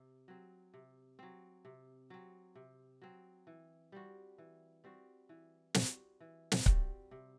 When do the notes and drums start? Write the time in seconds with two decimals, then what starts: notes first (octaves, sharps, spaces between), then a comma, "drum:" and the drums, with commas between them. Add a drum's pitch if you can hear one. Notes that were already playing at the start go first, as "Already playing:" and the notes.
Already playing: C3
0.28 F#3 C4
0.74 C3
1.19 F#3 C4
1.65 C3
2.10 F#3 C4
2.55 C3
3.02 F#3 C4
3.47 E3
3.92 G3 C4 F#4
4.38 E3
4.84 G3 C4 F#4
5.29 E3
5.74 G3 C4 F#4, drum: snare
6.20 E3
6.52 drum: snare
6.66 G3 C4 F#4, drum: kick C#1
7.11 C3